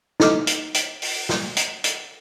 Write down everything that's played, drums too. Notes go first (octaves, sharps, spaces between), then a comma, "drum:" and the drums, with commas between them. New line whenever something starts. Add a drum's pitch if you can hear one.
D#4 E4 A4 D#5 D6 F6, drum: snare
drum: hi-hat
drum: hi-hat
drum: open hi-hat
drum: snare
drum: hi-hat
drum: hi-hat